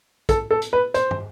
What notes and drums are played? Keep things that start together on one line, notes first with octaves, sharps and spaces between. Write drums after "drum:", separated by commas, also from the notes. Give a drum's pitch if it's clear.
A4, drum: kick, hi-hat
A4
drum: hi-hat
B4
C5, drum: hi-hat
drum: tom